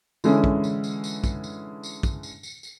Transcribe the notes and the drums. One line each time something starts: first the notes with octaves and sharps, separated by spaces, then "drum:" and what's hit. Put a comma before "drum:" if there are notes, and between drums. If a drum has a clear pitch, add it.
D3 E3 G#3 C#4 E4, drum: tambourine
drum: kick
drum: tambourine
drum: tambourine
drum: tambourine
drum: kick, tambourine
drum: tambourine
drum: tambourine
drum: kick, tambourine
drum: tambourine
drum: tambourine
drum: tambourine